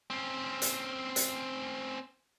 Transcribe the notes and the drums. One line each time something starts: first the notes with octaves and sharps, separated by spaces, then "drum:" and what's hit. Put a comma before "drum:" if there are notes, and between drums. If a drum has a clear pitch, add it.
C4 C#4
drum: hi-hat
drum: hi-hat